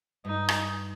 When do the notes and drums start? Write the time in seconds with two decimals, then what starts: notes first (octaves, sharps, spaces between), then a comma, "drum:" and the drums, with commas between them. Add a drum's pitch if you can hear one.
0.25 G2 D#4
0.49 drum: rim click